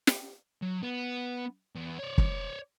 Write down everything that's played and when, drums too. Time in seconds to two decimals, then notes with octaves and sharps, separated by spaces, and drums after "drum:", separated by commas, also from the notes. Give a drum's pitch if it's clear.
0.07 drum: snare
0.62 F#3
0.83 B3
1.76 E2
1.99 C#5 D5
2.18 drum: kick